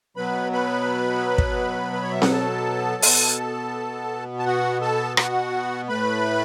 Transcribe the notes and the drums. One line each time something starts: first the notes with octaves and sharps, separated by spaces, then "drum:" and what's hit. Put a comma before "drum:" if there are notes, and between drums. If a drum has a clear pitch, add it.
B2 F#3 B3 B4 B5
B4 B5
drum: kick
B4
C#5
E5
F#5, drum: snare C4
A4 A5
B2 B3, drum: open hi-hat
A5
F#4 F#5
A4 A5
F#4 F#5, drum: rim click
A2 A3 B4 B5